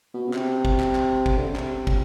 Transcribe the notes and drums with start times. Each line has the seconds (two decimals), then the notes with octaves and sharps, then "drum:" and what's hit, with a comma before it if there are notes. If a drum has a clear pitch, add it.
0.14 B2
0.28 C#3
0.34 C3, drum: clap
0.65 drum: kick
0.80 drum: clap
0.95 drum: clap
1.26 drum: kick
1.37 D3
1.47 C#3
1.56 C3, drum: clap
1.87 drum: kick